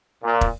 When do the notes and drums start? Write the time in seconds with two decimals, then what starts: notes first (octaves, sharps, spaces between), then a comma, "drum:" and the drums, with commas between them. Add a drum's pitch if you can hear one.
0.23 A#2
0.41 drum: kick